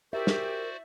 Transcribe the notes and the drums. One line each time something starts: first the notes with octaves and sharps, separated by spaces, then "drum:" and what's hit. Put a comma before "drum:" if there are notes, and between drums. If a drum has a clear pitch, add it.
F#4 G4 A#4 C5 D5 E5
drum: snare